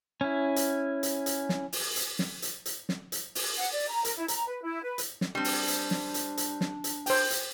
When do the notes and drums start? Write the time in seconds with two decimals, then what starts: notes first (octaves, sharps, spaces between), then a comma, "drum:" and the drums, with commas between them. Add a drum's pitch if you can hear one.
0.21 C#4 E4
0.56 drum: hi-hat
1.03 drum: hi-hat
1.26 drum: hi-hat
1.49 drum: snare
1.73 drum: open hi-hat
1.96 drum: hi-hat
2.19 drum: snare
2.42 drum: hi-hat
2.66 drum: hi-hat
2.89 drum: snare
3.12 drum: hi-hat
3.35 drum: open hi-hat
3.57 F#5
3.72 D5
3.89 A#5
4.05 A#4, drum: hi-hat
4.17 E4
4.28 A#5, drum: hi-hat
4.48 B4
4.63 E4
4.82 B4
4.98 drum: hi-hat
5.21 drum: snare
5.35 G3 C4 D4
5.44 drum: open hi-hat
5.68 drum: hi-hat
5.91 drum: snare
6.14 drum: hi-hat
6.37 drum: hi-hat
6.61 drum: snare
6.84 drum: hi-hat
7.06 C5 G5, drum: open hi-hat
7.30 drum: hi-hat